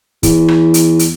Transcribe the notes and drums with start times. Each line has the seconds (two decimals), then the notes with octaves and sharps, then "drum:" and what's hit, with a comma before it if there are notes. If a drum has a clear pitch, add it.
0.23 E2, drum: kick, hi-hat
0.48 drum: rim click
0.74 drum: hi-hat
0.99 drum: hi-hat